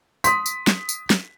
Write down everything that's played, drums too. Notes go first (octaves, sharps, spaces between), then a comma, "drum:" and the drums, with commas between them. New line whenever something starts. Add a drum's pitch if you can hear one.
C6 D#6 B6, drum: tambourine
drum: tambourine
drum: snare
drum: tambourine
drum: snare